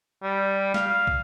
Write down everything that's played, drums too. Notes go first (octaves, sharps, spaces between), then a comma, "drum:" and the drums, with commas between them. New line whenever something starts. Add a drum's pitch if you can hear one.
G3
F5, drum: snare
drum: kick